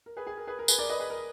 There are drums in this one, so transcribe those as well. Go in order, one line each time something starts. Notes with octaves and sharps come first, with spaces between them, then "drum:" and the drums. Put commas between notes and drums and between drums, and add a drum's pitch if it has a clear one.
A#4
G#4 B4
G#4
A#4
G#4 B4
A#4
G#4 B4, drum: tambourine
A#4 D5
B4 D#5
G#4 B4
A#4